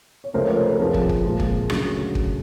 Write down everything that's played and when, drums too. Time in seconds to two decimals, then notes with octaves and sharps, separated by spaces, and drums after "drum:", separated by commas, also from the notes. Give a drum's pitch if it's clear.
0.24 C#5
0.34 C#2 C3 F3 A3 C4 A#4 C5
0.45 B4 C#5
0.57 A#4 C5
0.67 A4 B4
0.79 F2 C3 F3 G#4 A#4
0.94 drum: kick
1.09 drum: kick
1.25 A#2 F3 G#3
1.40 drum: kick
1.70 D2 C#3 F#3, drum: rim click
2.15 drum: kick